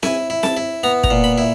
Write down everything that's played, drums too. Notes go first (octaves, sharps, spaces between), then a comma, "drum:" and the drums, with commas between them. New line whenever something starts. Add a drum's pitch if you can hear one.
E4 G#5, drum: snare C4
E4
A5, drum: snare C4
E4
B3 A#5
A#5, drum: kick
A#2
B5
E4